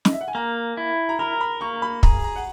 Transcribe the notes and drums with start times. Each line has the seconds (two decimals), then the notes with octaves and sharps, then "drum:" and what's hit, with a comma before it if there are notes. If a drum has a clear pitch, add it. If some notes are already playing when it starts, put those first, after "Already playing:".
0.05 D#5, drum: snare
0.13 E5
0.21 F#5
0.28 G#5
0.35 A#3 A#5
0.77 E4
1.09 A#5
1.19 A#4 B5
1.40 B5
1.61 A#3 C#6
1.82 B5
2.03 G#4 A#5, drum: kick
2.24 A#5
2.36 F#5